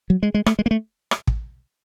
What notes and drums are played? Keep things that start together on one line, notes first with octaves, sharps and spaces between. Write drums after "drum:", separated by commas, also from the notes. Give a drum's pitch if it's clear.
F#3
G#3
G#3
A3, drum: rim click
G#3
A#3
A3
drum: rim click
drum: kick